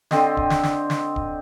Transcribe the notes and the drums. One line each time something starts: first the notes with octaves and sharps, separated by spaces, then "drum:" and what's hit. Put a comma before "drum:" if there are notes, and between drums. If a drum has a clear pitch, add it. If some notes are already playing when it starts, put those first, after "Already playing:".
D3 C4 D#5, drum: snare
drum: kick
drum: snare
drum: snare
drum: snare
drum: kick